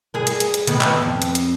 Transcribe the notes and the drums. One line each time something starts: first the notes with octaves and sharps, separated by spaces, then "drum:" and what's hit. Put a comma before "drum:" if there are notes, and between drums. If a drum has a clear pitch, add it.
G2 G#4 A#4
drum: hi-hat
drum: hi-hat
drum: hi-hat
A2 D#3 B3, drum: hi-hat
drum: clap
F2
drum: hi-hat
drum: hi-hat